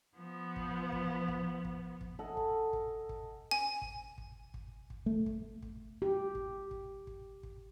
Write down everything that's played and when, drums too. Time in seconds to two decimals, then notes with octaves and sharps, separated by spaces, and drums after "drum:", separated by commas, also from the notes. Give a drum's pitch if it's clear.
0.16 F3 B3
0.56 drum: kick
0.92 drum: kick
1.28 drum: kick
1.65 drum: kick
2.01 drum: kick
2.19 A4 D#5 F#5 G#5
2.37 drum: kick
2.73 drum: kick
3.09 drum: kick
3.51 G#5
3.82 drum: kick
4.18 drum: kick
4.54 drum: kick
4.90 drum: kick
5.06 A3
5.26 drum: kick
5.62 drum: kick
6.02 G4
6.35 drum: kick
6.71 drum: kick
7.07 drum: kick
7.43 drum: kick